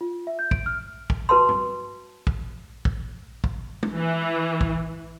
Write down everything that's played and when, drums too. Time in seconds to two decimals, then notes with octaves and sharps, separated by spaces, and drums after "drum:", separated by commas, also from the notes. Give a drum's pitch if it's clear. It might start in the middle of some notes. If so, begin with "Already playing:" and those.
0.01 F4
0.27 E5
0.39 G6
0.51 D7, drum: kick
0.66 F6
1.10 drum: kick
1.29 F#4 B4 A5 C6
1.49 drum: tom G2
2.27 drum: kick
2.85 drum: kick
3.44 drum: kick
3.83 drum: tom
3.96 E3
4.61 drum: kick